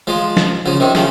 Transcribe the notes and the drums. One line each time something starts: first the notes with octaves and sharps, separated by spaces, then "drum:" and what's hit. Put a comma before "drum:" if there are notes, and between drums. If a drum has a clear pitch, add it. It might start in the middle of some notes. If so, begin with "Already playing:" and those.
F3 G#3
drum: snare
C#3 F3
C3 D#3
C#3 F3, drum: snare